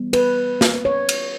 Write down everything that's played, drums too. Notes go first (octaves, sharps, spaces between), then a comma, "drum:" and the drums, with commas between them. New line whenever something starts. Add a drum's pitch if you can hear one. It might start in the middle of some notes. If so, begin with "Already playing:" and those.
Already playing: E3 G3 B3
B4, drum: cymbal
drum: snare
C#5
drum: cymbal